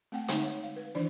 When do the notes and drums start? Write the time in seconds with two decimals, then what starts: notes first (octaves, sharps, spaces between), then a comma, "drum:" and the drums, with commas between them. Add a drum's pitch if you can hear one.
0.12 A3 C4 F#5 G5
0.28 D3 G#3 D#4, drum: hi-hat
0.43 C#5
0.63 F5
0.76 B4
0.95 D#3 E3 D4 E4 C5 D5